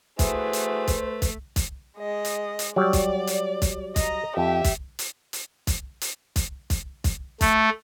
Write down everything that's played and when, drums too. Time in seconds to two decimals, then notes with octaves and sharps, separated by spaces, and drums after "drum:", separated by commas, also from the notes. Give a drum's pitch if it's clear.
0.19 A3 E4 F#4 G#4 B4 C5, drum: kick, hi-hat
0.53 drum: hi-hat
0.88 drum: kick, hi-hat
1.22 drum: kick, hi-hat
1.56 drum: kick, hi-hat
1.97 G#3 D#5
2.25 drum: hi-hat
2.59 drum: hi-hat
2.76 F#3 G3 D5
2.93 drum: kick, hi-hat
3.27 drum: hi-hat
3.62 drum: kick, hi-hat
3.96 D#5 A#5, drum: kick, hi-hat
4.37 F2 G4 E5
4.64 drum: kick, hi-hat
4.99 drum: hi-hat
5.33 drum: hi-hat
5.67 drum: kick, hi-hat
6.01 drum: hi-hat
6.36 drum: kick, hi-hat
6.70 drum: kick, hi-hat
7.04 drum: kick, hi-hat
7.41 A3, drum: kick, hi-hat